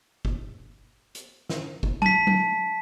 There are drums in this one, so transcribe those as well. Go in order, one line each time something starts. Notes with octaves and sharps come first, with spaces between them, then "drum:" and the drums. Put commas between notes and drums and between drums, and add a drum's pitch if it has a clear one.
drum: kick G1
drum: hi-hat
drum: snare
drum: kick G1
A5 B6, drum: tom F#3
drum: tom F#3